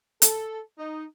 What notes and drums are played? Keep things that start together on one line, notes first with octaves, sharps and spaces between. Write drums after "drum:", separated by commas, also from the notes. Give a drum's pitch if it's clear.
A4, drum: hi-hat
D#4